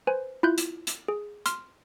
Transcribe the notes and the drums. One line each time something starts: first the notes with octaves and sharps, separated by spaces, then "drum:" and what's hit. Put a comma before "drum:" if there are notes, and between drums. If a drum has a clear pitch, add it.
B4 C5 G#5
E4 F4 F#6 G6
drum: hi-hat
drum: hi-hat
G#4
C6 F6, drum: hi-hat